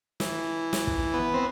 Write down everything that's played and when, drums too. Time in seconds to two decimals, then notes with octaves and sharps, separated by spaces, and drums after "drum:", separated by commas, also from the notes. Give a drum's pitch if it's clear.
0.20 E3, drum: snare
0.73 drum: snare
0.87 drum: kick
1.14 B3
1.34 C4